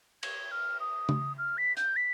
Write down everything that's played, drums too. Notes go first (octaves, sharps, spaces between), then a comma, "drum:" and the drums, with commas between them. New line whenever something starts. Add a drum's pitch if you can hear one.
G#6, drum: cymbal
F6
D#6
drum: tom C#3
F6
B6
G6, drum: hi-hat
B6